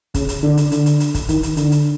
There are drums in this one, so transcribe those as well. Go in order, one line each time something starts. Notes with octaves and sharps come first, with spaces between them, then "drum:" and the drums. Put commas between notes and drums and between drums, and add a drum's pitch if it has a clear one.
C#3, drum: kick, hi-hat
drum: hi-hat
D3
drum: hi-hat
D3, drum: hi-hat
drum: hi-hat
drum: hi-hat
drum: kick, hi-hat
D#3, drum: kick, hi-hat
drum: hi-hat
D3, drum: hi-hat
drum: hi-hat